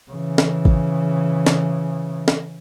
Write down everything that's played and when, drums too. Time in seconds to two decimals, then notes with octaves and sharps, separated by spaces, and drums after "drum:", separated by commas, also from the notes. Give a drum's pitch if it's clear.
0.11 C#3 E3
0.38 drum: snare
0.65 drum: kick A1
1.46 drum: snare
2.28 drum: snare